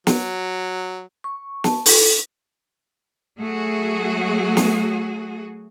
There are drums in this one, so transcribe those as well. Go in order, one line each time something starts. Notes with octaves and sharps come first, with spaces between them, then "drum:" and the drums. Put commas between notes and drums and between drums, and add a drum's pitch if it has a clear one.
F#3, drum: snare
C#6
A5, drum: snare
A4, drum: open hi-hat
F#3 A3 F#4 G#4
drum: snare